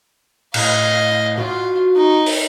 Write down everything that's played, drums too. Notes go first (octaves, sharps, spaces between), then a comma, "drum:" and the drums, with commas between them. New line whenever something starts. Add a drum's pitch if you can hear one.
A2 D#5 F5, drum: cymbal
F4 F#4
D#4
drum: open hi-hat